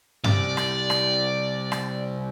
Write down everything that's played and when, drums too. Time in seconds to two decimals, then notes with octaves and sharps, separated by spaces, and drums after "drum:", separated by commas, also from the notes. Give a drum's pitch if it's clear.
0.24 C3 G3 D5, drum: tom G2
0.57 drum: rim click
0.90 drum: rim click
1.72 drum: rim click